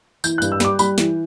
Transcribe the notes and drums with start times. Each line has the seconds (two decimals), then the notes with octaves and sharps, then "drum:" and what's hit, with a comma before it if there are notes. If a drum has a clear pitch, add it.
0.24 E3 G6, drum: tambourine
0.38 F#6
0.42 G2, drum: tambourine
0.52 E6
0.60 G3 D6, drum: snare
0.79 G3 B5, drum: tambourine
0.98 E3, drum: snare